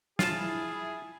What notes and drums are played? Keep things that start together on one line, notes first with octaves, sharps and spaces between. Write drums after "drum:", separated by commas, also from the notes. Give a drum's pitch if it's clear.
E4 F4 G#4 A5, drum: snare